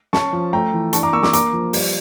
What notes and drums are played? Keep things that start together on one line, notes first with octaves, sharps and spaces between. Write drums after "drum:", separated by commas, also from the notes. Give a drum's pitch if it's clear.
C#4 A5 C#6, drum: snare
F3
A3 G5 A#5
E3
D4 A5 C#6, drum: hi-hat
A#5 D6
A#3 C#6 E6
A#5 D6, drum: snare
A#3 A#5 D6, drum: hi-hat
F3
G3, drum: open hi-hat